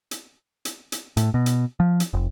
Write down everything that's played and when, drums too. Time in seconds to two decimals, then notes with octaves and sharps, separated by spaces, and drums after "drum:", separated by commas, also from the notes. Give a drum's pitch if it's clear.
0.11 drum: hi-hat
0.65 drum: hi-hat
0.92 drum: hi-hat
1.17 A2, drum: hi-hat
1.34 B2
1.46 drum: hi-hat
1.80 F3
2.00 drum: hi-hat
2.13 F1